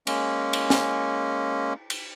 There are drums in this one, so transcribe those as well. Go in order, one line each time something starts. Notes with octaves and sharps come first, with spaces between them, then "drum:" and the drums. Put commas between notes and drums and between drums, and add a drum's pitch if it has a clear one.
G#3 A#3 C#4, drum: cymbal
drum: cymbal
drum: snare
drum: cymbal